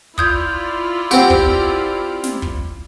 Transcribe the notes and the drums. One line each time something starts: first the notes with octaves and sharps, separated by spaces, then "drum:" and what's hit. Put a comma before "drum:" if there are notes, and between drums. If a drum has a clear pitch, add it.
E4 F4 D5 D#6 G6 G#6, drum: kick
C4 G4 F#5, drum: snare
drum: kick
drum: snare
drum: kick